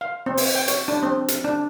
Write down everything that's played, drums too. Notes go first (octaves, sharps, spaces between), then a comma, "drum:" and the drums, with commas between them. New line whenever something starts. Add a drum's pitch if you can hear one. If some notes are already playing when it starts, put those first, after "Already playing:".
F5
C4
drum: open hi-hat
G5
C#5, drum: hi-hat
D4
C4
drum: hi-hat
D4